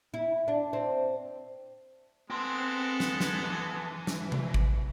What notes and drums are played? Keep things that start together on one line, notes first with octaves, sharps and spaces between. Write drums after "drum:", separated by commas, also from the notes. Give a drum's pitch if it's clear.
E4
D4
C4
G#3 B3 C4 A4 C6
drum: snare
drum: snare
E3
drum: snare
drum: tom C3
drum: kick G#1